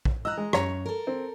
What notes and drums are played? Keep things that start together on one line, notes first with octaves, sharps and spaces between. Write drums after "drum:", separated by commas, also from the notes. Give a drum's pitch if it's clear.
drum: kick A#1
D#5 A#5 E6 F#6
G#3
F#2 C#5 A#5, drum: rim click
A4 A#4
C4